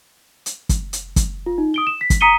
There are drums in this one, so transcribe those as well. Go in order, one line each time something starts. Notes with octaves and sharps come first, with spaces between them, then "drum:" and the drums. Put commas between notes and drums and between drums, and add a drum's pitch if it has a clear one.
drum: hi-hat
drum: kick, hi-hat
drum: hi-hat
drum: kick, hi-hat
F4
D#4
D#6 D7 G7
E7
B6
drum: kick, hi-hat
A#5 D#6 B6 C#7 D#7 G7